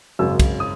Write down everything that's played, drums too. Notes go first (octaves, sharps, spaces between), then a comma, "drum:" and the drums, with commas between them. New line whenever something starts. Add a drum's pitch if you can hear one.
G#1 F#2 C#3 E6
drum: kick, cymbal
D#6